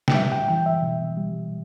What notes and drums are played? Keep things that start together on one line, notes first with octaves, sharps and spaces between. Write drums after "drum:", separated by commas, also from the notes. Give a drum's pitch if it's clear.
G5, drum: snare
G3 E5
G5
E3 G5
E5
B2
G3